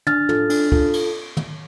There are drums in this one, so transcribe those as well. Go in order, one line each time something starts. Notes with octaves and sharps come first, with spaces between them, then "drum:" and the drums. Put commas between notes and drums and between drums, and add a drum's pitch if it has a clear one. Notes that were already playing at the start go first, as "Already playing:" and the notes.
D4 F6 A6, drum: tom
F4 A4, drum: tom
D4, drum: cymbal
F4 A4, drum: kick
drum: cymbal
drum: tom